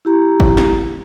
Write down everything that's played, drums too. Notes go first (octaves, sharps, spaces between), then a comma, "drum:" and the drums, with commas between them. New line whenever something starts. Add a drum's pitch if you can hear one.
E4 G4 A#5
drum: kick G1
drum: snare